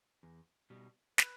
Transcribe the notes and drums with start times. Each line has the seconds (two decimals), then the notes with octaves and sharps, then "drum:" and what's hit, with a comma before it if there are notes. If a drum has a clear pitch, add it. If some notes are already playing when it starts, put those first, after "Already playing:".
0.23 E2
0.70 B2 G3
1.18 B4, drum: snare